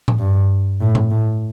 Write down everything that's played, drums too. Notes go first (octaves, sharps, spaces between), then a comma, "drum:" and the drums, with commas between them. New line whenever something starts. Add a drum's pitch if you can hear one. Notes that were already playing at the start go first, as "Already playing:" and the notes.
drum: tom A2
G2
A2
drum: tom A2
A2